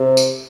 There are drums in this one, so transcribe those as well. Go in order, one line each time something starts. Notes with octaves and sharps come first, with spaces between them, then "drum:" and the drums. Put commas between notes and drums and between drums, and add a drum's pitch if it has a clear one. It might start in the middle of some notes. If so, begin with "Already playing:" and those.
Already playing: C3
drum: tambourine